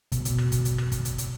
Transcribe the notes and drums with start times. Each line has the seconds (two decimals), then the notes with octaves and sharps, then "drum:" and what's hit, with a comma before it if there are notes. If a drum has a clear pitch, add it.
0.12 B2, drum: kick, hi-hat
0.25 drum: hi-hat
0.38 drum: rim click
0.52 drum: kick, hi-hat
0.65 drum: hi-hat
0.78 drum: rim click
0.92 drum: kick, hi-hat
1.05 drum: hi-hat
1.18 drum: hi-hat